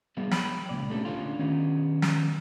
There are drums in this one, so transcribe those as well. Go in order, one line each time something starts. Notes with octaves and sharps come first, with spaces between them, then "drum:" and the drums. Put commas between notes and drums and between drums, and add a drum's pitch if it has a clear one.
G3 B3 G#4 A#4 E5 F5
C#5 G5 B5, drum: snare
C#2 F#2 A#2 D5
A3 A#3 C#4 D4 G4 A4
D2 C#4 D4 F4 F5 C6
D#3 B3 C#4
drum: snare